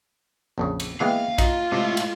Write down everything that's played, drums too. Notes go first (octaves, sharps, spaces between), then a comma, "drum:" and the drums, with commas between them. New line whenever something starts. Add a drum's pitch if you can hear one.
A#1 F2 C#3
drum: cymbal
E3 G#3 A#3 B3 E5 F5 G5
D#4 F4, drum: kick A#1, cymbal
C3 G#3 A3 E4
drum: cymbal